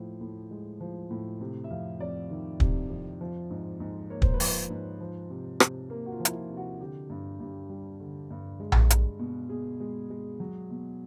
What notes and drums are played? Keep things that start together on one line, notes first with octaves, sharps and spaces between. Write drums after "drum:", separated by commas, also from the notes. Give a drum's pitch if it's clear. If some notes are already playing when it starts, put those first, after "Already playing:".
Already playing: A2 F3
A2
G#3
F3
A2
C3
E5
F2 F5
F2 D5
D#3
C3, drum: kick
F2
F3
G#2
G#2
A#3 C#5
C5, drum: kick
B4
F3, drum: open hi-hat
C5
G#2
F3
C3
C3, drum: rim click
A#3 A#4
F#4
F4
F3
E4, drum: hi-hat
F4
C3
F#4
D3 G4
G2
G2
G3
D3
G2
G#3
drum: tom A#1
G#3, drum: hi-hat
B2
B2 G#4
G#3
G#3
F#3
B2